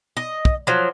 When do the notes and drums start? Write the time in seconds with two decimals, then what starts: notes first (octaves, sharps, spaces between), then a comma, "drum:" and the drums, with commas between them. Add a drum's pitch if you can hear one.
0.17 D#5
0.45 drum: kick
0.67 F3 F#3